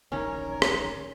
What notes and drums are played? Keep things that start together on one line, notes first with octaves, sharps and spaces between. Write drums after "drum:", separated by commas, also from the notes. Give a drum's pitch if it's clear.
D1 A#1 D#3 C#4 A#4 C#5
drum: rim click